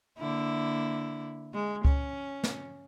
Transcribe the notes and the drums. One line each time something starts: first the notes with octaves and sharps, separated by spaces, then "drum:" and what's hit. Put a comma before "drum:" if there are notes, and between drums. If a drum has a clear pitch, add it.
D3 A#3 E4
G#3
C#4, drum: kick C#2
drum: snare